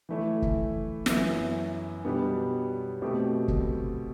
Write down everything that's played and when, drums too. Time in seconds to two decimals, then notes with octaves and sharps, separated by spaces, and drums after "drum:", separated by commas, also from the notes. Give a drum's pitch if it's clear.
0.09 E3 A3 E4
0.42 drum: kick
1.06 F#2 E3 B3 E4, drum: snare
2.04 B2 G3 B3 D4
3.02 B2 A3 C4 G4
3.48 drum: kick